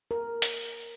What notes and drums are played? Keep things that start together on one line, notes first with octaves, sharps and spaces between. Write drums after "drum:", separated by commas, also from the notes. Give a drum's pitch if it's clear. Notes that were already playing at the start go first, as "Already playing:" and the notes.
A#4
drum: hi-hat